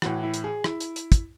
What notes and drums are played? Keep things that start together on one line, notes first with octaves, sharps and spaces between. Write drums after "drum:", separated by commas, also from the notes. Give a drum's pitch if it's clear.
A2 E3 F#4, drum: rim click
E4
drum: hi-hat
G#4
E4, drum: rim click
drum: hi-hat
drum: hi-hat
drum: kick, hi-hat